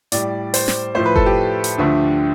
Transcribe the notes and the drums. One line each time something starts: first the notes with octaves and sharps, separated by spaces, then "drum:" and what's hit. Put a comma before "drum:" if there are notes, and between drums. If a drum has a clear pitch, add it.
A2 G3 D5, drum: hi-hat
C5, drum: open hi-hat
drum: snare
A2 F3 A3 C5
B4
A4, drum: kick F#1
G4
drum: hi-hat
D2 D3 F3 A3